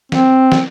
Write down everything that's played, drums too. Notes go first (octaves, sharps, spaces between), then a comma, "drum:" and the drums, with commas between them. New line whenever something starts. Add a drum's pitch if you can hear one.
C4, drum: snare
drum: snare